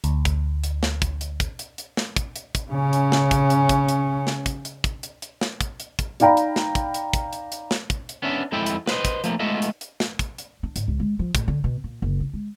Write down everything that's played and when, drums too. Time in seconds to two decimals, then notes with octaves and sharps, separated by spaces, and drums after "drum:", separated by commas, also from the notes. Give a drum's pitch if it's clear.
0.04 D2, drum: hi-hat
0.25 drum: kick, hi-hat
0.64 drum: hi-hat
0.83 drum: snare
1.02 drum: kick, hi-hat
1.21 drum: hi-hat
1.40 drum: kick, hi-hat
1.59 drum: hi-hat
1.78 drum: hi-hat
1.97 drum: snare
2.16 drum: kick, hi-hat
2.36 drum: hi-hat
2.55 drum: kick, hi-hat
2.71 C#3 C#4
2.93 drum: hi-hat
3.12 drum: snare
3.31 drum: kick, hi-hat
3.50 drum: hi-hat
3.69 drum: kick, hi-hat
3.89 drum: hi-hat
4.27 drum: snare
4.46 drum: kick, hi-hat
4.65 drum: hi-hat
4.84 drum: kick, hi-hat
5.03 drum: hi-hat
5.22 drum: hi-hat
5.41 drum: snare
5.61 drum: kick, hi-hat
5.80 drum: hi-hat
5.99 drum: kick, hi-hat
6.20 D#4 D5 F5 G5 A#5 B5, drum: hi-hat
6.37 drum: hi-hat
6.56 drum: snare
6.75 drum: kick, hi-hat
6.94 drum: hi-hat
7.13 drum: kick, hi-hat
7.33 drum: hi-hat
7.52 drum: hi-hat
7.71 drum: snare
7.90 drum: kick, hi-hat
8.09 drum: hi-hat
8.22 B3 C#4 D4 E5
8.52 F2 G#3 E4 A4 E5 G5
8.66 drum: hi-hat
8.87 B4 C5 D#5, drum: snare
9.05 drum: kick, hi-hat
9.24 F3 A3 A#3, drum: hi-hat
9.40 G#3 A3 B3 F4 D#5 E5
9.62 drum: hi-hat
9.81 drum: hi-hat
10.00 drum: snare
10.19 drum: kick, hi-hat
10.38 drum: hi-hat
10.63 D4
10.76 G#2, drum: hi-hat
10.88 C#2
11.00 G#3
11.19 F3
11.35 A2, drum: kick, hi-hat
11.48 D3
11.64 B2
11.84 A#2
12.02 F#1
12.20 C3
12.33 G#3